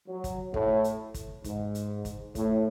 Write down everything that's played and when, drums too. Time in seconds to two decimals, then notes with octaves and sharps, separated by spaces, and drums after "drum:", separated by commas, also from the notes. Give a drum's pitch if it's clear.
0.08 F#3
0.24 drum: kick, hi-hat
0.54 A2, drum: kick
0.84 drum: hi-hat
1.14 drum: kick, hi-hat
1.44 G#2, drum: kick, hi-hat
1.75 drum: hi-hat
2.05 drum: kick, hi-hat
2.35 A2, drum: kick, hi-hat